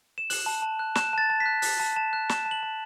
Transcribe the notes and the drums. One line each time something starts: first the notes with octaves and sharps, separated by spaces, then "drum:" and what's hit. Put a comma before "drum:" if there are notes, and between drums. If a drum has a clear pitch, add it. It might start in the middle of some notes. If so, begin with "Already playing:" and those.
E7
F#6 F#7, drum: open hi-hat
A5
A5
F#6
F#6 E7, drum: snare
A5 A6
A5
B6
F#6
F#6, drum: open hi-hat
A5
A5 E7
F#6
F#6 E7, drum: snare
A5
F#7
A5